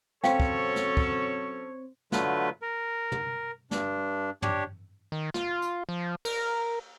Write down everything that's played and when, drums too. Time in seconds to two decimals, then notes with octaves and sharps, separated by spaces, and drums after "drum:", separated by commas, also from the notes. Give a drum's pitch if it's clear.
0.24 F#3 C4 C#4 A4 C5 C#5 F5 G5, drum: snare
0.40 drum: kick
0.76 drum: snare
0.97 drum: kick
2.12 D3 F#3 A3 F4 B4, drum: snare
2.62 A#4
3.12 drum: tom
3.71 G2 D4, drum: snare
4.42 D4 G4 C#5, drum: tom
5.12 D#3
5.34 F4, drum: snare
5.62 drum: hi-hat
5.89 F3
6.25 A#4, drum: cymbal